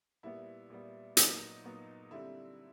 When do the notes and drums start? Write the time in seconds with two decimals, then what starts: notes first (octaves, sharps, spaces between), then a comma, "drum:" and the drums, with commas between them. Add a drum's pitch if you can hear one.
0.23 A#2 G3 B3 E4
0.70 A#2 G3 B3
1.17 A#2 F#3 B3 D#4, drum: hi-hat
1.64 A#2 F#3 B3
2.11 D3 G3 C4 E4